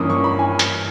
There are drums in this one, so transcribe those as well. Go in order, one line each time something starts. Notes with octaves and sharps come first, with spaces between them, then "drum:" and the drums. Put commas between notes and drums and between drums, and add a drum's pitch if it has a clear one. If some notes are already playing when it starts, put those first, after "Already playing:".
Already playing: G2 E3 A#3 C#4 D#6
C#6
B5
G#5
drum: hi-hat